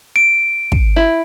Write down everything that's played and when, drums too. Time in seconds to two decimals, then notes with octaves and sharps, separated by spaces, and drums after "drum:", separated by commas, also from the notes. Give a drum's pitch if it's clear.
0.16 D7
0.72 drum: kick
0.96 E4